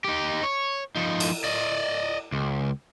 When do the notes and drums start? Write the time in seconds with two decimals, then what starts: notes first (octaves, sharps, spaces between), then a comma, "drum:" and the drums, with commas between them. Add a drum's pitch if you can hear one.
0.04 D#4 G4
0.43 C#5
0.96 F3 D#4
1.20 drum: cymbal
1.44 D5 D#5
2.32 C#2